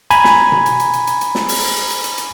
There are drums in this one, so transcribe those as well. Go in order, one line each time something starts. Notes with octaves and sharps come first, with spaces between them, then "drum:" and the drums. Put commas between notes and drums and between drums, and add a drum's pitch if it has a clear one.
G#5 A#5 B5 G#6, drum: hi-hat
drum: snare
drum: tom B2
drum: hi-hat
drum: hi-hat
drum: hi-hat
drum: hi-hat
drum: hi-hat
drum: snare
drum: open hi-hat
drum: hi-hat
drum: hi-hat
drum: hi-hat
drum: hi-hat